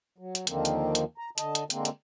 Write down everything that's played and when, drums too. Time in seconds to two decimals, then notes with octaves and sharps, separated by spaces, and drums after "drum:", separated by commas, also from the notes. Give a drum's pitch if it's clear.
0.18 F#3
0.35 drum: hi-hat
0.47 D#2 D3 D#3 F3 A#3 C4, drum: hi-hat
0.65 drum: hi-hat
0.95 drum: hi-hat
1.18 A#5
1.38 D3 D#5 A5, drum: hi-hat
1.55 drum: hi-hat
1.70 D3 G#3 A#3 C4, drum: hi-hat
1.85 drum: hi-hat